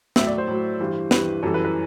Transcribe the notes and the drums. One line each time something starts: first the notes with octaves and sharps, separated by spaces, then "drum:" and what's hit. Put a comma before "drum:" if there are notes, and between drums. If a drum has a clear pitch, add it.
A2 F#3 E5, drum: snare
D5
C5
A2 F#3
G2 E3 G3
G2 E3 G3 B4, drum: snare
F#2 E3 G3 A4
B4
B4